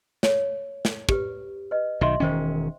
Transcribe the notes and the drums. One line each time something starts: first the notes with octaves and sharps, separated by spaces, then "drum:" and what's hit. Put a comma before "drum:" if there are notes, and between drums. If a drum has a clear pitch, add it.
C#5, drum: snare
drum: snare
G4 B4, drum: kick
B4 D#5
B1 D#3 D#5 E5 C6
E1 D#3 C#4 C5 G5